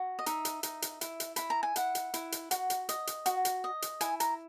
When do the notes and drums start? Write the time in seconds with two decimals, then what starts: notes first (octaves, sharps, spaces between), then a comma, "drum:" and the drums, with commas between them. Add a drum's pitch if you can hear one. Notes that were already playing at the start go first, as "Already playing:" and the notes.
Already playing: F#4
0.19 D#5
0.26 D#4 E5, drum: hi-hat
0.45 drum: hi-hat
0.63 D#4, drum: hi-hat
0.82 drum: hi-hat
1.01 E4, drum: hi-hat
1.20 drum: hi-hat
1.36 E4 B5, drum: hi-hat
1.50 A#5
1.63 G#5
1.76 E4 F#5, drum: hi-hat
1.95 drum: hi-hat
2.14 E4, drum: hi-hat
2.32 drum: hi-hat
2.51 F#4, drum: hi-hat
2.70 drum: hi-hat
2.89 D#5, drum: hi-hat
3.07 drum: hi-hat
3.26 F#4, drum: hi-hat
3.45 drum: hi-hat
3.64 D#5
3.82 drum: hi-hat
4.01 E4 G#5, drum: hi-hat
4.20 A#5, drum: hi-hat